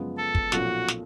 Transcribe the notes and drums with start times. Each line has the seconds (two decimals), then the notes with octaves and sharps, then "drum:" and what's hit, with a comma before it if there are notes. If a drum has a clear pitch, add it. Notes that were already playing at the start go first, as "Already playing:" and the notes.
Already playing: F#2 C#3 F3 G#3 B3
0.17 A4
0.35 drum: kick
0.52 B1 A#2 F3 A3 C#4 F#4, drum: snare
0.88 drum: snare